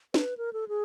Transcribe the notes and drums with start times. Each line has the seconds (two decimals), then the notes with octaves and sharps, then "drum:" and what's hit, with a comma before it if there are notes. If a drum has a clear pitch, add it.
0.14 B4, drum: snare
0.37 A#4
0.53 A4
0.68 G#4